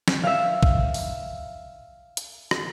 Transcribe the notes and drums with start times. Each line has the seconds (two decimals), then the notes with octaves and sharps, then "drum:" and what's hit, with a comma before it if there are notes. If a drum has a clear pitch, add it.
0.08 drum: snare
0.24 E5 F5
0.63 drum: kick
0.94 drum: open hi-hat
2.17 drum: hi-hat
2.51 drum: rim click